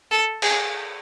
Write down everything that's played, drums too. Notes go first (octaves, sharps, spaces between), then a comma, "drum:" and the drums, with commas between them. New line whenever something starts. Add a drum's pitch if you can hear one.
A4
G#4, drum: cymbal